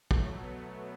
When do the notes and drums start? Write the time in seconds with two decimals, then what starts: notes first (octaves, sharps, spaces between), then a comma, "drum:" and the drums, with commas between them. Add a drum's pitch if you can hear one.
0.11 B2 F#3 A3, drum: kick
0.42 B3